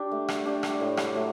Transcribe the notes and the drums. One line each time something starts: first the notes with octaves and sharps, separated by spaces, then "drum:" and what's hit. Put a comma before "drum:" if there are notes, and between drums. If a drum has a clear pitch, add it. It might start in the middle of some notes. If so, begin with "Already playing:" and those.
Already playing: D4 G4
A3
drum: rim click
D4 G4
drum: rim click
A2
drum: rim click
F#3 A3